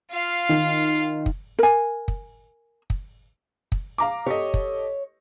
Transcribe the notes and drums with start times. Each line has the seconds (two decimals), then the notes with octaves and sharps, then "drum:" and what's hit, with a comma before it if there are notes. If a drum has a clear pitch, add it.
0.11 F4 F5
0.49 D#3
1.26 drum: kick
1.59 A#4 G#5
2.08 drum: kick
2.90 drum: kick
3.72 drum: kick
3.98 F5 A#5 D6
4.26 G4 A4 C#5 D#5
4.54 drum: kick